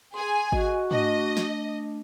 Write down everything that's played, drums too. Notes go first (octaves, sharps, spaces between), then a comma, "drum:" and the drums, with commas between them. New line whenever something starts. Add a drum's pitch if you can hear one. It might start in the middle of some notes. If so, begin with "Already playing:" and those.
G#4 G#5 C6
F#4 D#5, drum: kick G#1
A3 D4 D#5, drum: tom G#2
drum: snare